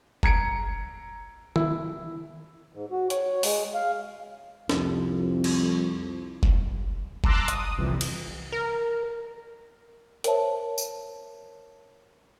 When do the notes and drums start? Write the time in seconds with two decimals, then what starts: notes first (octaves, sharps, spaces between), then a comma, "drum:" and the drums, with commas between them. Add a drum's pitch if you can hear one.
0.23 A#5 G#6 C#7 D7, drum: kick F1
1.56 E4, drum: tom D#3
2.74 G#2
2.91 F#4
3.10 C#5, drum: hi-hat
3.43 G#3, drum: open hi-hat
3.75 F5
4.69 C2 F2, drum: snare
5.44 drum: cymbal
6.43 drum: kick F1
7.24 A5 A#5 C6 D6 E6 F#6, drum: kick F1
7.48 D#6, drum: hi-hat
7.77 G1 C2 F2 C3 E3 G3
8.01 drum: cymbal
8.52 A#4
10.24 A#4 C5 C#5 E5 A5, drum: hi-hat
10.78 drum: tambourine